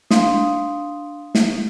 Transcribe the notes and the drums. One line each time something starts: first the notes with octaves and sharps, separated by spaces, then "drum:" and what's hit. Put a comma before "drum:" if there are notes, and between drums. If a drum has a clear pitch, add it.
D4 F5 C6 D#6, drum: snare
drum: snare